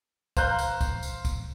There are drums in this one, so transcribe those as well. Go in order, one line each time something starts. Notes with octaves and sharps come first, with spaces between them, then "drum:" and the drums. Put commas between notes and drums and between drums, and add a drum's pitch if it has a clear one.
C5 F5 A#5 F#6 G6, drum: kick, tambourine
drum: tambourine
drum: kick, tambourine
drum: tambourine
drum: kick, tambourine